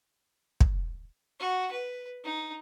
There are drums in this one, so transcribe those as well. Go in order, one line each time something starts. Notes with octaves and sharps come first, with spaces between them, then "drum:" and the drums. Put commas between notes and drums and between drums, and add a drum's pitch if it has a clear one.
drum: kick
F#4
B4
D#4